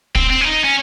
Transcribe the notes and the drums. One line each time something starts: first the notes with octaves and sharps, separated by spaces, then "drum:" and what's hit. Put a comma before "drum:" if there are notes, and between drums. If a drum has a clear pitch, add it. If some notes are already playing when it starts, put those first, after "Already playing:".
C4, drum: kick
C4
C#4
D#4
C#4